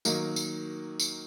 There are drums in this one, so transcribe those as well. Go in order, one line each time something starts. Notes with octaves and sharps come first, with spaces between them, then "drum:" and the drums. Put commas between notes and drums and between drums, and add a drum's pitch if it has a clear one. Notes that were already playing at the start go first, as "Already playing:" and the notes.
D#3 F#3 A#3 D#4, drum: tambourine
drum: tambourine
drum: tambourine